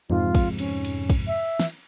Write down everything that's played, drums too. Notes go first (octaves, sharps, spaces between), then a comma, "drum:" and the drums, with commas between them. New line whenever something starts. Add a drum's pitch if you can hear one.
F2 G#2 C3 F4, drum: tom E3
drum: kick, cymbal
C#4, drum: cymbal
drum: cymbal
drum: kick, cymbal
E5
drum: snare